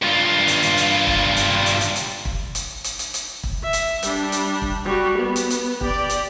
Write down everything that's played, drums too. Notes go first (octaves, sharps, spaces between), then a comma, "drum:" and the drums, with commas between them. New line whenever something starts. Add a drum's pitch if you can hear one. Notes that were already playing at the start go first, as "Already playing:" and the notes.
G2 F4
drum: hi-hat
drum: hi-hat
drum: hi-hat
drum: kick
drum: hi-hat
drum: hi-hat
drum: hi-hat
drum: hi-hat
drum: kick
drum: hi-hat
drum: hi-hat
drum: hi-hat
drum: hi-hat
drum: kick
E5
drum: hi-hat
G3 D4, drum: hi-hat
drum: hi-hat
drum: kick
G3 F#4
B3
drum: hi-hat
drum: hi-hat
G4 D5, drum: kick
drum: hi-hat